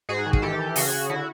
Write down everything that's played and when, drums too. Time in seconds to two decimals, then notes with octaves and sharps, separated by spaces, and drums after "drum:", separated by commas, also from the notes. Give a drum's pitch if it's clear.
0.09 G#2 F#4 G#4
0.26 D#3
0.33 G#4, drum: kick
0.42 E3 G4 A4
0.59 E3
0.76 C#3 F#4 G#4, drum: open hi-hat
0.93 C#3
1.09 D3 E4 F#4